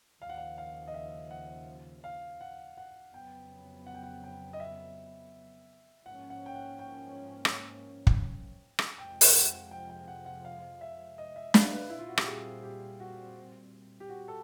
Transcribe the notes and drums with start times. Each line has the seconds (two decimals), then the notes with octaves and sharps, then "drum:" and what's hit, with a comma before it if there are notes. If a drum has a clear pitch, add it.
0.22 D#2 C#3 F3 F5
0.29 F#5
0.37 F5
0.58 F5
0.88 D#5
0.94 E5
1.31 F#5
2.04 F5
2.41 F#5
2.77 F#5
3.14 F2 C#3 F#3 B3 G5
3.87 F#5
3.94 G5
4.03 F#5
4.24 G5
4.53 D#5
4.60 E5
6.05 G#2 F3 A#3 C#4 F#5
6.30 F#5
6.46 G5
6.55 F#5
6.79 G5
7.45 drum: rim click
8.07 drum: kick
8.79 drum: rim click
8.98 F2 C3 F3 G#3 G5
9.21 drum: open hi-hat
9.35 F#5
9.71 G5
9.89 G5
10.08 F#5
10.26 F#5
10.45 F5
10.81 E5
11.18 D#5
11.36 E5
11.54 F5, drum: snare
11.72 B4
11.90 A#2 G3 C4 E4
11.99 F4
12.08 F#4
12.18 G4, drum: rim click
12.27 G#4
12.63 G4
13.00 F#4
14.00 G4
14.09 F#4
14.28 A4